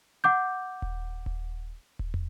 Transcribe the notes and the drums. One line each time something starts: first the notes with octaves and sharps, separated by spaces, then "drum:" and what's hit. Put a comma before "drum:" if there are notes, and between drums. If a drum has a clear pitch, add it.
F#5 D6 G6
drum: kick D#1
drum: kick D#1
drum: kick D#1
drum: tom